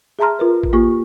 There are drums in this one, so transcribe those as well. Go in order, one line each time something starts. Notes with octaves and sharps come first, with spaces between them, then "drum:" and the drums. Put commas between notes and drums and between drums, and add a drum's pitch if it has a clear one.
G#4 E5 A5 A#5 C6 F6
F4 A#4 B4
drum: kick A1
A#3 F4 G4 C#6